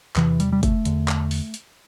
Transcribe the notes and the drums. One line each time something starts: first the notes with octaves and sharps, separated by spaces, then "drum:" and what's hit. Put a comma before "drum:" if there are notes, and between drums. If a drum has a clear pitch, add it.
E2 C3 E3, drum: clap
G3, drum: hi-hat
G3
A3, drum: kick, hi-hat
E2 D3, drum: hi-hat
drum: clap
drum: open hi-hat
drum: hi-hat